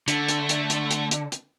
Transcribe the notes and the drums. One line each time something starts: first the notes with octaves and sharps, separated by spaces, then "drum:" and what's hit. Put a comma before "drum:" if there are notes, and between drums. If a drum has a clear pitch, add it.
D3 A3, drum: hi-hat
drum: hi-hat
drum: hi-hat
drum: hi-hat
drum: hi-hat
drum: hi-hat
drum: hi-hat